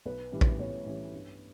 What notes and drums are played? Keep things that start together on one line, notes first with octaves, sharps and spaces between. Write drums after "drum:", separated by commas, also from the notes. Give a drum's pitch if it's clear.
B1 B4
A2 E3 G3 C#4
drum: kick
B1 C#5
A2 E3 G3 C#4
G2